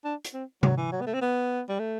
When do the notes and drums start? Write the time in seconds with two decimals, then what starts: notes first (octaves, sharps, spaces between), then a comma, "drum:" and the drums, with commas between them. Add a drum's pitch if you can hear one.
0.05 D4
0.24 drum: hi-hat
0.34 C4
0.63 F#3, drum: tom C3
0.78 E3
0.92 F#3
1.01 B3
1.07 A3
1.14 C4
1.21 B3
1.69 G3
1.79 A3